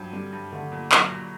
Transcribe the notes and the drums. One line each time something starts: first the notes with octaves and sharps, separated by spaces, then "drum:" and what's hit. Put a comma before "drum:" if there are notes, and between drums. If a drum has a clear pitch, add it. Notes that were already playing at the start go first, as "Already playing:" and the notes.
Already playing: G2 F3 F#3
D3 G3
G2
D3 A3
A#2
F#3, drum: clap
A#2